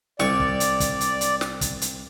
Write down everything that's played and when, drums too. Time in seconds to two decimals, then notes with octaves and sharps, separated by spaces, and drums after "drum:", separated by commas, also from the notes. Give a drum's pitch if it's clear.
0.20 C2 D5 C#6, drum: snare
0.40 drum: kick
0.60 drum: hi-hat
0.80 drum: kick, hi-hat
1.01 drum: hi-hat
1.21 drum: hi-hat
1.41 drum: snare
1.61 drum: kick, hi-hat
1.81 drum: hi-hat